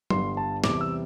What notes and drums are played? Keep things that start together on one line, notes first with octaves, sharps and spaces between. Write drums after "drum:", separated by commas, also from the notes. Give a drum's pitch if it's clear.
G1 G2 G3 C6, drum: tom
A5
E2 C3 E3 G3 D6, drum: snare
E6